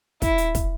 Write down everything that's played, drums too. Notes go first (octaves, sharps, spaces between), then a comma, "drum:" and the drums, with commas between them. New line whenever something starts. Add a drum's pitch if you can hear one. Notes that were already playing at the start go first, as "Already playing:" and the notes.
E4, drum: kick, hi-hat
drum: hi-hat
drum: kick, hi-hat